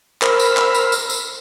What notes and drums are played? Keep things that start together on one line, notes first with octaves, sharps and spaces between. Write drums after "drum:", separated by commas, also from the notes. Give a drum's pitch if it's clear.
A#4 C5 B5 E6 F6, drum: clap
drum: tambourine
drum: clap
drum: tambourine
drum: tambourine
drum: tambourine